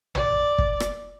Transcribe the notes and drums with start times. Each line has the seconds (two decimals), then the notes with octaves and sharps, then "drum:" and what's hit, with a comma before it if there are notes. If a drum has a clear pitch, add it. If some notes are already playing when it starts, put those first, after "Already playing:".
0.15 D5, drum: tom
0.58 drum: kick
0.80 drum: rim click